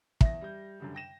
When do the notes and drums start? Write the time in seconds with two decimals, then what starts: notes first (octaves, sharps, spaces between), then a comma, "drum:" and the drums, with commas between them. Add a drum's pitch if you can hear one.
0.21 E2 E5 A#6, drum: kick
0.41 G3 G6
0.80 F#2 D3 G3
0.94 G5 A#6 E7